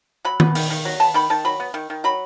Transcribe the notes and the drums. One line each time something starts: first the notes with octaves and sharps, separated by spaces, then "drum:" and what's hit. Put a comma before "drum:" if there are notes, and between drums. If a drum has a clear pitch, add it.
F#3 B5
B3, drum: tom D#3
D#3, drum: open hi-hat
D#3
F#3
B3 A5
D#3 B5
D#3 A5
F#3 B5
B3
D#3
D#3
F#3 B5